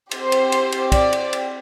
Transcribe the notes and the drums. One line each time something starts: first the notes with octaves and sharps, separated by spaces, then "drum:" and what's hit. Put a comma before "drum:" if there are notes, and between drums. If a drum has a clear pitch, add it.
C4 G4 C5, drum: cymbal
drum: cymbal
drum: cymbal
drum: cymbal
D5, drum: kick, cymbal
drum: cymbal
drum: cymbal